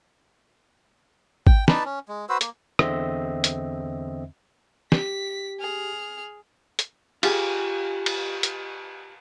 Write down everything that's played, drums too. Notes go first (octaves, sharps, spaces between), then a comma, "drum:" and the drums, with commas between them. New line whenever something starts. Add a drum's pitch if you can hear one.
G5, drum: kick G#1
D#4 B4 D5 A5, drum: snare
C#4
G#3
F#4 B4 C5 E6
A#3, drum: hi-hat
E2 D3 C4 D#5 E5, drum: rim click
drum: hi-hat
G4 B6, drum: snare
G#4 F6
drum: hi-hat
F4 G4 G#4, drum: cymbal
drum: cymbal
drum: hi-hat